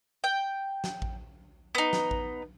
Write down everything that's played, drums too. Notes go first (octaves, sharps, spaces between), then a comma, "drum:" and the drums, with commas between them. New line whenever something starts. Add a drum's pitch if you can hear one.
G5
drum: snare
drum: kick A1
B3 D#4
drum: snare
drum: kick A1